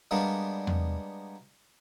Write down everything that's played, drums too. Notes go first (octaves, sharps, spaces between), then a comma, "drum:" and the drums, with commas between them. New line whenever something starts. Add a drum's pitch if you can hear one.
G3 G#3 A#3 B3 D4
drum: tom E2